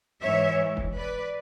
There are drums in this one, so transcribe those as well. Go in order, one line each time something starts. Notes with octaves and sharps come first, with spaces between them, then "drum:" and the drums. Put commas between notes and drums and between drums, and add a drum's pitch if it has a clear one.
G#2 E3 C#5 E5
drum: kick
B4 D5